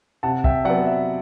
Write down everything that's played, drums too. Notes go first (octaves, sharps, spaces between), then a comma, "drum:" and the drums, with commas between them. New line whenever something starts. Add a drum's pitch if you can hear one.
C3 F#5 A5
E5 G5, drum: kick B1
F#3 B3 D5 F#5
E5